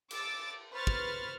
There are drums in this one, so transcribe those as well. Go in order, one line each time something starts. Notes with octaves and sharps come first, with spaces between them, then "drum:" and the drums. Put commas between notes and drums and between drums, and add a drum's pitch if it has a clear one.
D6 E6 A6 D7, drum: cymbal
B4 C5 C#6 F6 A6
drum: kick